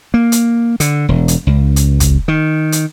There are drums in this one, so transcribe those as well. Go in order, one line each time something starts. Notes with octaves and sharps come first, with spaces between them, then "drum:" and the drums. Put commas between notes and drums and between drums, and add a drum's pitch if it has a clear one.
A#3
drum: hi-hat
D3, drum: hi-hat
E1
drum: hi-hat
C#2
drum: hi-hat
drum: kick, hi-hat
D#3
drum: hi-hat